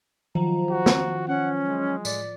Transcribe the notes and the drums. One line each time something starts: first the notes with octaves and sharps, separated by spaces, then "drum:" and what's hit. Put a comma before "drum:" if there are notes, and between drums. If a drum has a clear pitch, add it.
D#3 F3 F#3 A#5
F#4
drum: snare
C#4 F#5
G#3
A2 D5, drum: tambourine